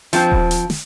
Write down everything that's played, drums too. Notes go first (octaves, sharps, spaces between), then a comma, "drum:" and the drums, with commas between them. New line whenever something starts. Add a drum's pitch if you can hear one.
F3 C4, drum: hi-hat
drum: kick D#1
drum: hi-hat
drum: snare